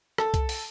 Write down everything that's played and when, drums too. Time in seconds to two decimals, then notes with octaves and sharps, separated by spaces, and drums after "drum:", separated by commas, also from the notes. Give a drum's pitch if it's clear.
0.18 A4, drum: rim click
0.34 drum: kick, hi-hat
0.49 drum: open hi-hat